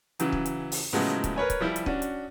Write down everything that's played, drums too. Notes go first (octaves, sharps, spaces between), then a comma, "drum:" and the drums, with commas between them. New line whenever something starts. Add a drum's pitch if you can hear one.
C#3 E3 F#3, drum: hi-hat
drum: kick C#1
drum: hi-hat
drum: open hi-hat
A2 C#3 F3 F#3 G#3 B3
drum: kick C#1, hi-hat
A#4 B4 C#5 G#5
drum: kick C#1, hi-hat
F3 G3 E4 G4
drum: hi-hat
C#4 D4 F#4, drum: kick C#1
drum: hi-hat